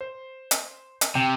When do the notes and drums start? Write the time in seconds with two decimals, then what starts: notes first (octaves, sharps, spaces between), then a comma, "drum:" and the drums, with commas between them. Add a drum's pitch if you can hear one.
0.01 C5
0.51 drum: hi-hat
1.01 drum: hi-hat
1.15 C3 G5